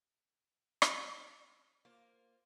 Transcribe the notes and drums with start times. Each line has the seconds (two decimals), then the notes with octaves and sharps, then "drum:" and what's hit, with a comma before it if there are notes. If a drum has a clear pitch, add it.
0.82 drum: rim click
1.85 A#3 F4 C5